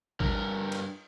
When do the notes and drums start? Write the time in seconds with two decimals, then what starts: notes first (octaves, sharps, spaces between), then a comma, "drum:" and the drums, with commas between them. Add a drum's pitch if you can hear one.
0.20 G2 A#4, drum: kick
0.72 drum: cymbal